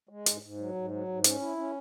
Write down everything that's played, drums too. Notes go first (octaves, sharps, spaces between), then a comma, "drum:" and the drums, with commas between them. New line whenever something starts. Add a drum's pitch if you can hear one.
G#3
G#2, drum: hi-hat
G#2
F#3
G#2
F#3
G#2
C#4, drum: hi-hat
E4
C#4